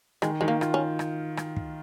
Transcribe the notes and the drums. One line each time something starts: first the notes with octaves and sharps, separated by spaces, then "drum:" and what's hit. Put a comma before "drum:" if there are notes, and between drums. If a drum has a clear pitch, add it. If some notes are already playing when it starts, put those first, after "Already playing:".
D#3 G#3, drum: rim click
D#3 G#3
A#3
F4, drum: rim click
C#4
drum: rim click
drum: rim click
drum: kick